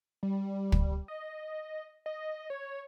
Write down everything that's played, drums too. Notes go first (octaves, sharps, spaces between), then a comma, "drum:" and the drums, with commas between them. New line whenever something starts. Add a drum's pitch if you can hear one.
G3
drum: kick
D#5
D#5
C#5